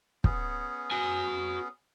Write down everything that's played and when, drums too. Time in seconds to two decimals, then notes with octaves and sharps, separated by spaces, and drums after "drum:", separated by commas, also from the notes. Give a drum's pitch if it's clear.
0.24 B3 C#4 G#4, drum: kick
0.92 F#4 G#5